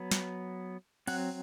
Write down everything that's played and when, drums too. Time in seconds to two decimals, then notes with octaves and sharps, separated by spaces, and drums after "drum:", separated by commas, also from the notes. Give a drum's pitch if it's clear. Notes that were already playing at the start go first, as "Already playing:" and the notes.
Already playing: F#3 B3
0.11 drum: snare
1.07 F#3 C4 F#5, drum: cymbal